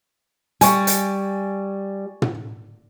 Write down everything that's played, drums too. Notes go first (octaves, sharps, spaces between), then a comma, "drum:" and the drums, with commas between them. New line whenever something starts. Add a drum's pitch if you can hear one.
G3 G#5 C#6, drum: hi-hat
drum: hi-hat
drum: tom